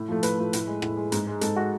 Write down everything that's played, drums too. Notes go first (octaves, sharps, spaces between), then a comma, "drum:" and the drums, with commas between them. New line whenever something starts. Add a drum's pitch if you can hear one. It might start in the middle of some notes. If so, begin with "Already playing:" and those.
Already playing: A2
F3 A3
A2 B4, drum: hi-hat
F3 A3
A2, drum: hi-hat
G#3
A2, drum: rim click
G#3
G#2, drum: hi-hat
G#3
G#2 A4, drum: hi-hat
G#3 F#4